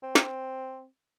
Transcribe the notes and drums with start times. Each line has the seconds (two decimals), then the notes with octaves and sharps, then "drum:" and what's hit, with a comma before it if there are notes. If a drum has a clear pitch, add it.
0.03 C4
0.15 drum: snare